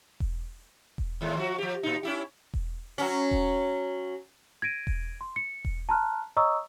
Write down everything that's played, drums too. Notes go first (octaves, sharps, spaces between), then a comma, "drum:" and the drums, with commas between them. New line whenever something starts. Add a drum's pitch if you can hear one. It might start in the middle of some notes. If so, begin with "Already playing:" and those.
drum: kick E1
drum: kick E1
D#2 A2 G#3
F3 F#4
F3 G4
A2 D#4
C#4 E4 G4
drum: kick E1
F#3 C#4
drum: kick E1
G#6 A#6 D7 D#7
drum: kick E1
C6
C#7
drum: kick E1
A5 A#5 C6 F6 F#6
C#5 D#5 A#5 C#6 D#6 E6